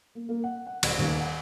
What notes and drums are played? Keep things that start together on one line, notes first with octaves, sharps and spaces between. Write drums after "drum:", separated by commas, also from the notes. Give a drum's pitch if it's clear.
A#3
A#3
F#5
F#5
D1, drum: cymbal
D#2
F#5